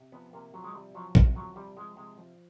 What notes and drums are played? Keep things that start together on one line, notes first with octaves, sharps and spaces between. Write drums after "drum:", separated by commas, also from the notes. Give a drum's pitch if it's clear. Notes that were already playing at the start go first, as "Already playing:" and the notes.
Already playing: C3
F3 B3
C3 A#3
F3 F#3
G#3
C3 G3
F3 F#3
C3, drum: kick
F3 F#3
C3 G3
F3 G#3
C3 G#3
F3